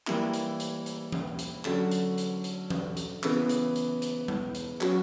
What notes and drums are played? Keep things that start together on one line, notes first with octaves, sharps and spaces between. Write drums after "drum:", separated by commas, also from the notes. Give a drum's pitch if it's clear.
E3 G3 A#3 E4, drum: clap
drum: hi-hat
drum: hi-hat
drum: hi-hat
drum: tom E3
drum: hi-hat
D3 F#3 C#4 F#4, drum: clap
drum: hi-hat
drum: hi-hat
drum: hi-hat
drum: tom E3
drum: hi-hat
C#3 E3 B3, drum: clap
drum: hi-hat
drum: hi-hat
drum: hi-hat
drum: tom G3
drum: hi-hat
F#3 C#4 F#4, drum: clap